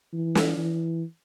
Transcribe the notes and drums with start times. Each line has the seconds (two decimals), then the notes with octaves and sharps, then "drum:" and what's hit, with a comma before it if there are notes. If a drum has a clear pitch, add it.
0.13 E3
0.35 drum: snare
0.57 E3